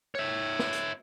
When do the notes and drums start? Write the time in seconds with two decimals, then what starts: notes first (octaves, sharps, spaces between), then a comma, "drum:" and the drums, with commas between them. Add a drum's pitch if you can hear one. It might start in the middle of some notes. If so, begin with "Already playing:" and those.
0.15 C#5 E5
0.59 drum: snare
0.73 drum: hi-hat